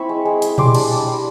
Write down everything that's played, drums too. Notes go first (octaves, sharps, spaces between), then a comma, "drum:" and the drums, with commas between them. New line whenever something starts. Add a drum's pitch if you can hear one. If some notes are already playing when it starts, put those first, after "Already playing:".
Already playing: C4 E4 B5 C#6
G#3
G#3
G#3, drum: hi-hat
G3 C6 D6, drum: tom A#2
D4, drum: cymbal
D4
G3